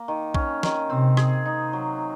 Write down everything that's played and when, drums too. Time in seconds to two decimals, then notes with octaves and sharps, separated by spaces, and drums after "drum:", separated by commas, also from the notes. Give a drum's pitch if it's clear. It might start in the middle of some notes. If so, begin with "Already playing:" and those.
Already playing: A#3
0.08 D#3
0.35 C#4, drum: kick A#1
0.63 D#3, drum: snare
0.90 C3 C4
1.17 G#4, drum: rim click
1.45 D#4
1.73 F#3